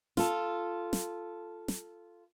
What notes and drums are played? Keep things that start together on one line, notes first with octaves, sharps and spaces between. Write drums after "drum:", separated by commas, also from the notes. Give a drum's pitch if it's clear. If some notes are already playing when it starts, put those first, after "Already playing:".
F4 A4, drum: snare
drum: snare
drum: snare